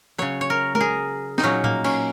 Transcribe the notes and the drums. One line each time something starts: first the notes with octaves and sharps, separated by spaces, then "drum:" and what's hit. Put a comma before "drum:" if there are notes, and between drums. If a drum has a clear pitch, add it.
C#3 F#3 C#5
C#5
A#4
A#4, drum: tom G#3
G#4
D#4, drum: snare
A#2 F#3 C#4
A#3, drum: tom A2
C#4, drum: cymbal